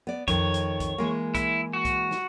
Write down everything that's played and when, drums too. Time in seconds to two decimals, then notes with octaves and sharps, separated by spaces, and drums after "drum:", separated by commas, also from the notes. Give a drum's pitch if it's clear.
0.07 B3 D5
0.28 F2 D#3 C#5, drum: kick B1, hi-hat
0.54 drum: hi-hat
0.80 drum: kick B1, hi-hat
0.98 E3 G#3 A#3
1.35 E4, drum: kick B1, hi-hat
1.73 F#4
1.85 drum: kick B1, hi-hat
2.11 drum: snare